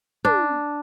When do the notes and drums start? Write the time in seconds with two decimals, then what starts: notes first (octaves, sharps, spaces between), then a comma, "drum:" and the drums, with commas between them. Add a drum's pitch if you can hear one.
0.25 D4, drum: tom